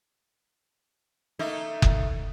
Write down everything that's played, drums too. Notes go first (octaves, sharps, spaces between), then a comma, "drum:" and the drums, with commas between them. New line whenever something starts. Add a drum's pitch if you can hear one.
A3 A#3 D#4
drum: kick F#1